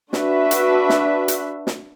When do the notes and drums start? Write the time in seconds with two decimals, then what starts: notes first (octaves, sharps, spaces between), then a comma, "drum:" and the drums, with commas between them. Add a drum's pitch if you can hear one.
0.13 D4 F#4 B4 E5, drum: snare
0.51 drum: hi-hat
0.89 drum: snare
1.28 drum: hi-hat
1.67 drum: snare